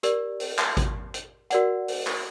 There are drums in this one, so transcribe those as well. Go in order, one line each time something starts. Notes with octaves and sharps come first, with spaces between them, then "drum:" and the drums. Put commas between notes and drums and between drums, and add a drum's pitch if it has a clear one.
G4 A#4 D5, drum: hi-hat
drum: open hi-hat
drum: clap
drum: kick G#1, hi-hat
drum: hi-hat
F#4 A#4 D5 F#5, drum: hi-hat
drum: open hi-hat
drum: clap